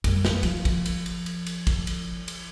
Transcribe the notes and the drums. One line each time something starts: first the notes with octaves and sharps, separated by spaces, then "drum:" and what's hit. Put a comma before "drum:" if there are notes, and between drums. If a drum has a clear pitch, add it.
F#2 G3, drum: kick, cymbal
drum: snare
F3, drum: cymbal
drum: kick, cymbal
drum: cymbal
drum: cymbal
drum: cymbal
drum: cymbal
drum: kick, cymbal
drum: cymbal
drum: cymbal